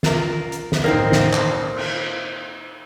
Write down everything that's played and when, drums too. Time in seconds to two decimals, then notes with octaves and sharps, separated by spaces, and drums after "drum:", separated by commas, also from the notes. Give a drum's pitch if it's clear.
0.03 F4 A#4, drum: snare
0.52 drum: hi-hat
0.72 drum: snare
0.84 A#3 C4 D#4 A#4 C5
0.93 drum: tom A2
1.12 drum: snare
1.33 drum: clap
1.76 drum: cymbal